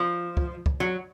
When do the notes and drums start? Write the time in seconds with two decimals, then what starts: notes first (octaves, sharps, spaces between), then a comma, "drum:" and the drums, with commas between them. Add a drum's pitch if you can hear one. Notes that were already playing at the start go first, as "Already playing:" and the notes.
Already playing: F3
0.37 drum: kick
0.66 drum: kick
0.80 F#3